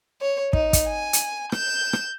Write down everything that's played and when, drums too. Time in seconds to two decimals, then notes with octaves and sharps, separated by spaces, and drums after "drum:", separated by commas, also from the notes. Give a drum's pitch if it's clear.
0.21 C#5
0.53 D#4, drum: kick
0.73 drum: kick, hi-hat
0.87 G#5
1.13 drum: hi-hat
1.52 G6 E7, drum: rim click
1.93 drum: rim click